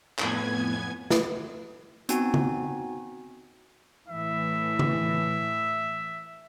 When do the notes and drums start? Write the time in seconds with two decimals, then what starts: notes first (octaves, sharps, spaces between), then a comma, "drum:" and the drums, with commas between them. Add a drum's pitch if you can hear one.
0.19 F2 A2 B3 G#5 G#6, drum: clap
1.10 drum: snare
2.09 B3 C4 D#4 F#4 G#5, drum: hi-hat
2.34 drum: tom C#3
4.08 A2 E3 E5
4.79 drum: tom C#3